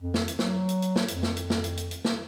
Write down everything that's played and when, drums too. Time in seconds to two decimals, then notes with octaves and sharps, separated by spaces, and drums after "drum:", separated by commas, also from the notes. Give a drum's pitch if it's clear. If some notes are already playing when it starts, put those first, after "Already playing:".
0.01 F2
0.14 drum: snare
0.28 drum: hi-hat
0.39 F#3, drum: snare
0.69 drum: hi-hat
0.82 drum: hi-hat
0.96 drum: snare
1.08 F2, drum: hi-hat
1.23 drum: snare
1.37 drum: hi-hat
1.50 drum: snare
1.64 drum: hi-hat
1.77 drum: hi-hat
1.91 drum: hi-hat
2.05 drum: snare